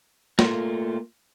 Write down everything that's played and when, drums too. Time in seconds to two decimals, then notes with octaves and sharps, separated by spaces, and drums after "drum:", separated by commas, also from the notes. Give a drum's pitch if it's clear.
0.39 A3 A#3 F4 A#4, drum: snare